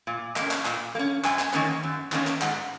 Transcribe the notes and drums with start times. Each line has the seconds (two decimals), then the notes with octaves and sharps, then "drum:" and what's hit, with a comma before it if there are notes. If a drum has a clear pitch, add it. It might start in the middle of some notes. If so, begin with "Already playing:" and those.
0.07 A#2
0.36 A#3 C#4, drum: clap
0.51 drum: clap
0.65 A#2, drum: clap
0.95 A#3
0.99 C#4
1.24 F#2 G#5, drum: clap
1.39 drum: clap
1.53 D#3 A#3 C#4, drum: clap
1.83 F#2
2.12 D#3 A#3 C#4, drum: clap
2.27 drum: clap
2.42 G#2 F#5, drum: clap